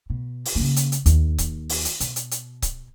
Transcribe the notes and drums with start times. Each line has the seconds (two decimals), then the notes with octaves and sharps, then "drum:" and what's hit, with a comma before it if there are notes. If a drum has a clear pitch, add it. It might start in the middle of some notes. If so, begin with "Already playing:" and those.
0.10 B2
0.45 drum: open hi-hat
0.55 C#3 A#3
0.76 drum: hi-hat
0.92 drum: hi-hat
1.06 D#2, drum: hi-hat
1.38 drum: kick C#1, hi-hat
1.69 drum: open hi-hat
1.85 drum: hi-hat
2.00 B2, drum: hi-hat
2.16 drum: hi-hat
2.31 drum: hi-hat
2.62 drum: kick C#1, hi-hat